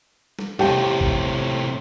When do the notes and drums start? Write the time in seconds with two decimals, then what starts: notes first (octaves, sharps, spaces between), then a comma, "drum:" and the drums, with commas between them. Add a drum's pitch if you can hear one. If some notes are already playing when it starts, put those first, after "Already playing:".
0.39 drum: snare
0.59 A2 C3 G4 G5, drum: snare
1.01 drum: kick G1